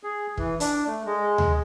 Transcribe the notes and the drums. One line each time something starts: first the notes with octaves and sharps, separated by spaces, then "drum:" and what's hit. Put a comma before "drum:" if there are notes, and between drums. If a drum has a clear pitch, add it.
G#4
E3, drum: kick
D4, drum: hi-hat
A3
G#3
drum: tom D2